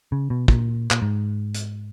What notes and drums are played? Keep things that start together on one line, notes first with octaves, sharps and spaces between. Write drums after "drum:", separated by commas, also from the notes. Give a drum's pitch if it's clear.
C#3
B2
A#2, drum: kick
A#2, drum: clap
G#2
drum: hi-hat